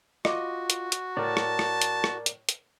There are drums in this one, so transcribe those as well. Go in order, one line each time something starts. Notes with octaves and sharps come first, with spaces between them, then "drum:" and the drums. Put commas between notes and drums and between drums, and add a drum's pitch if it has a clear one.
F4 F#4 D#5 D6, drum: rim click
drum: hi-hat
drum: hi-hat
A2 A#4 D5 A5
drum: rim click
drum: rim click
drum: hi-hat
drum: rim click
drum: hi-hat
drum: hi-hat